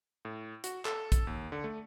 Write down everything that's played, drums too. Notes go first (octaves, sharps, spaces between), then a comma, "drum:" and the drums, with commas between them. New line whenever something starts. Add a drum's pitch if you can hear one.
A2
F#4, drum: hi-hat
A4, drum: clap
drum: kick, hi-hat
D#2
D3
A3